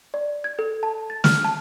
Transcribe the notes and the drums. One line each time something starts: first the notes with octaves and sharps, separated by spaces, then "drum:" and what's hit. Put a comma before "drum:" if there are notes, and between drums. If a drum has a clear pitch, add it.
D5
G#6
A4
A5
A6
F6, drum: snare
A5